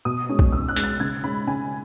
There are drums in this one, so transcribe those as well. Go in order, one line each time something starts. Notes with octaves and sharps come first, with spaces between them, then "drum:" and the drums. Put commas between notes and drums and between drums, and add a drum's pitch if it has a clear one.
B2 D#6
G#3 C#4
drum: kick A#1
B2 E6
F#6
G#3 C#4, drum: hi-hat
A6
C#3 G#6
G#3 C#4 B5
C#3 G#5